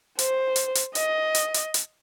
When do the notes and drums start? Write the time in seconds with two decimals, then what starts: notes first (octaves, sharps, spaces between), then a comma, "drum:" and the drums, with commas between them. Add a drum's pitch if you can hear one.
0.19 C5, drum: hi-hat
0.56 drum: hi-hat
0.75 drum: hi-hat
0.95 D#5, drum: hi-hat
1.35 drum: hi-hat
1.54 drum: hi-hat
1.74 drum: hi-hat